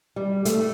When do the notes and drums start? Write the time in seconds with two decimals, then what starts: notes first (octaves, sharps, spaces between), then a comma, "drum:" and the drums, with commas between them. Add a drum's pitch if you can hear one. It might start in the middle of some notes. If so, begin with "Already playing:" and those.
0.16 G3
0.45 A3, drum: hi-hat